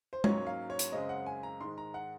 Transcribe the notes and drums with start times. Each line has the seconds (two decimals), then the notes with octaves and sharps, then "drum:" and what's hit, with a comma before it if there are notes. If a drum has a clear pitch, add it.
0.13 C5
0.24 G#2 F#3 A#3 C#4 C#5, drum: tom G#3
0.47 F5
0.70 C#5
0.79 drum: hi-hat
0.92 F#2 C#3 G#3 C4 D#5
1.09 F#5
1.26 G#5
1.43 A#5
1.60 G#2 D#3 G#3 C6
1.78 A#5
1.94 F#5